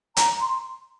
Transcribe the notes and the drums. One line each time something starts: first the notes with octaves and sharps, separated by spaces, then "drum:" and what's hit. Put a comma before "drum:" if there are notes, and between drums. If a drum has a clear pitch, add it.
A#5, drum: hi-hat
C6